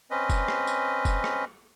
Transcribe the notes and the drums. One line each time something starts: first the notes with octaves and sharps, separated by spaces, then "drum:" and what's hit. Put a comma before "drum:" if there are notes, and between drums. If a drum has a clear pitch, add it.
C4 C#4 B4 D#5
drum: kick F#1, tambourine
drum: rim click
drum: tambourine
drum: kick F#1, tambourine
drum: rim click